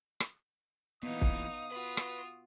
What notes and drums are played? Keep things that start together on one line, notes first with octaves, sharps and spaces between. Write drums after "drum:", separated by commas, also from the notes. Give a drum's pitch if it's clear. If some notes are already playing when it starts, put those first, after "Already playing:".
drum: rim click
A#2 E3 B3 D#4 F5 D#6
drum: kick
F4 F#4 B4
drum: rim click